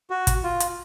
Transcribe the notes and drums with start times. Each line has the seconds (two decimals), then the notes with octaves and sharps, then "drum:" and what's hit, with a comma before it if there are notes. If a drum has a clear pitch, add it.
0.10 F#4
0.27 drum: kick, hi-hat
0.44 F4
0.60 drum: hi-hat